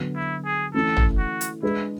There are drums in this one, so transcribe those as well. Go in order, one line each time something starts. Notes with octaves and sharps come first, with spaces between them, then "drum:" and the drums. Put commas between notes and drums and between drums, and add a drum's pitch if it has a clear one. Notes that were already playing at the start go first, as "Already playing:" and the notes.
Already playing: D3 F#3 B3 F#4
E4
G#4
E3 A3 C#4 E4 A4
drum: tom
F#4
drum: hi-hat
G#3 D4 E4 G#4 B4